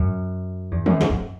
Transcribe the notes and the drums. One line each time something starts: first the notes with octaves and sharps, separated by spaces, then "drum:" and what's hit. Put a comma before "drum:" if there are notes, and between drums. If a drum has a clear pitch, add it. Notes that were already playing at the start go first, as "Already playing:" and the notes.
Already playing: F#2
E2
F#2, drum: tom
G#2, drum: snare
F#2